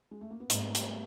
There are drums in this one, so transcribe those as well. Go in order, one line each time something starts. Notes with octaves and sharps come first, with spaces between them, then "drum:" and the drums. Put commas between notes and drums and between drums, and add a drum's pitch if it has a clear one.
G#3
A3
A#3
B3
G#2 A#3 C4, drum: hi-hat
A3 B3
G3 A3, drum: hi-hat
G3 A3